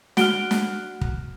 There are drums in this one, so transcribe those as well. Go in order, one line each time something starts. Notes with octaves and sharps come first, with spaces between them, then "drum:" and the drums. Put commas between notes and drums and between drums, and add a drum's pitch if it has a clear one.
F#4 F#5 F6 D7 G7, drum: snare
drum: snare
drum: kick